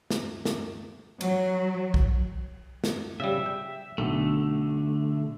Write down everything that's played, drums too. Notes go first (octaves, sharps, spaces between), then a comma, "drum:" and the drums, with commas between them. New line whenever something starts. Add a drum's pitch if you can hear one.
drum: snare
drum: snare
F#3, drum: cymbal
drum: kick B1
drum: snare
C#3 G3 E5
G5
B1 D3 A3